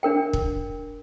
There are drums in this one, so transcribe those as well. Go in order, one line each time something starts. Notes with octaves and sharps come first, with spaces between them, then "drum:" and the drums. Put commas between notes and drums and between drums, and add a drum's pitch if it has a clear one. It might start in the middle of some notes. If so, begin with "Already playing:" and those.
D4 A#4 G5
drum: kick